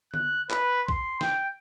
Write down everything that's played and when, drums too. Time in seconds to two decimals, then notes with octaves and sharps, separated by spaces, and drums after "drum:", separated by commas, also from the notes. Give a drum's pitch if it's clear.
0.14 F#6, drum: tom D3
0.50 B4, drum: clap
0.88 C6, drum: kick
1.21 G5, drum: snare